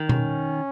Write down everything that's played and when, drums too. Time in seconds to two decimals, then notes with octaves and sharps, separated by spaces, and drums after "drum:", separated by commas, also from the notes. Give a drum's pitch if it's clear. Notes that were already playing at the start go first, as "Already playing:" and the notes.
Already playing: D#3
0.09 C#4, drum: tom B2